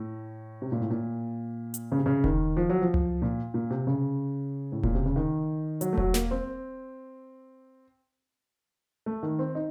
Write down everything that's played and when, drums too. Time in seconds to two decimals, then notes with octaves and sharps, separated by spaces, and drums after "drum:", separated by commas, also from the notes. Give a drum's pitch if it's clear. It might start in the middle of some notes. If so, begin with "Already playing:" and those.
Already playing: A2
0.62 C3
0.72 A#2
0.80 A2
0.90 A#2
1.74 drum: hi-hat
1.92 C#3
1.98 C3
2.06 C#3
2.24 D#3, drum: kick E1
2.57 F3
2.70 F#3
2.82 F3
2.94 drum: tom C#2
3.22 A#2
3.54 A#2
3.71 C3
3.87 C#3
4.72 A2
4.83 A#2, drum: kick E1
4.95 C3
5.06 C#3
5.16 D#3
5.81 F#3, drum: hi-hat
5.93 A3
5.98 F#3, drum: kick E1
6.14 A#3, drum: snare
6.31 C4
9.06 A3
9.23 D#3
9.39 C4
9.55 D#4